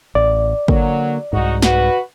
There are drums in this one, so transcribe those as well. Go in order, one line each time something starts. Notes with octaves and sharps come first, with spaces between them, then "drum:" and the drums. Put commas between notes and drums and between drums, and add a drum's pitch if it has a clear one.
A1 D5
D3 F#3 A#3, drum: kick
C2 G#2 D#4 F#4
F#4 B4, drum: snare